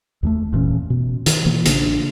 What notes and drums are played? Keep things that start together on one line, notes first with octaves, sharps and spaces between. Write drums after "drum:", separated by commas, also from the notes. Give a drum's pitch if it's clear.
D#2 G#3 A3
F1 A#2 E3 C#4
B2
D#3, drum: hi-hat
B2 D#3 E3 A#3
A1 C#3 A#3 D4, drum: hi-hat